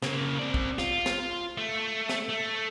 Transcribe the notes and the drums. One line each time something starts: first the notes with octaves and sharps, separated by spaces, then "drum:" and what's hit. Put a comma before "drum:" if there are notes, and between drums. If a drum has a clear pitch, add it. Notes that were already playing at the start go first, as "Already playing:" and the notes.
C#3 A#3, drum: snare
C4 D5
drum: kick
F4, drum: snare
drum: snare
A3
drum: snare
A3